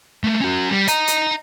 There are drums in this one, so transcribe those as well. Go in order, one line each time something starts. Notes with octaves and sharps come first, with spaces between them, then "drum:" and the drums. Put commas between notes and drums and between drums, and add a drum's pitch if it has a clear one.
A3 A#3
C#4 F#4
G3
D#5 A#5, drum: hi-hat
drum: hi-hat